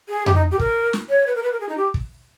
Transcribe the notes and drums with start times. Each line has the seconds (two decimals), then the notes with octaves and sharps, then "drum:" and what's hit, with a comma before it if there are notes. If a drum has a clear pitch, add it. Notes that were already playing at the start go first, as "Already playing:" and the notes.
0.09 G#4
0.26 G4, drum: tom F2
0.34 D#4
0.51 G4
0.59 A#4, drum: kick
0.93 drum: snare
1.09 C#5
1.27 B4
1.35 A#4
1.43 B4
1.52 A#4
1.60 G#4
1.69 D#4
1.77 G4
1.94 drum: kick